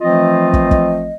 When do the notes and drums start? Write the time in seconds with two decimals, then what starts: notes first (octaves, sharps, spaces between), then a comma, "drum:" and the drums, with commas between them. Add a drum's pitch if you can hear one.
0.01 E3 F3 A3 C4 F4 D#5
0.53 drum: kick
0.71 drum: kick